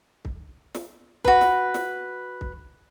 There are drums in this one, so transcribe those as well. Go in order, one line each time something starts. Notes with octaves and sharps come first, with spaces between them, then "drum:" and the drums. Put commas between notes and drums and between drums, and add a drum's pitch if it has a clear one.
drum: kick C2
drum: snare
F#4 B4, drum: kick C2
drum: snare
drum: snare
drum: kick C2